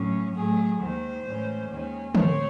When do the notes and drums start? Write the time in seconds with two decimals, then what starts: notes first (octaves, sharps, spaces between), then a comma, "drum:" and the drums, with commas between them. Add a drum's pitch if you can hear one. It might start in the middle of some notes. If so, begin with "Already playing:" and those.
Already playing: A2 F#3 C#4
0.35 A2 F#3 A3 G#4
0.80 D#2 D#3 G#3 C5
1.25 A2 E3 G#3 C#4
1.70 D#2 D#3 G#3 C#4
2.15 A2 G#3 C4 C#5, drum: tom